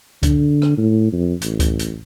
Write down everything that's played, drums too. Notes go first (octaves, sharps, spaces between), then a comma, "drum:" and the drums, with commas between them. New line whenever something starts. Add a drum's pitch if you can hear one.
D3, drum: kick C#2, hi-hat
drum: rim click
A2
F2
A1, drum: hi-hat
drum: kick C#2, hi-hat
drum: hi-hat